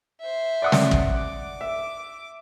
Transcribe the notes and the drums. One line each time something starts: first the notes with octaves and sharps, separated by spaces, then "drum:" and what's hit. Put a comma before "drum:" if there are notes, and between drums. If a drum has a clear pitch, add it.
C5 E5
D5 F#5 D#6
drum: snare
drum: kick
D6
E5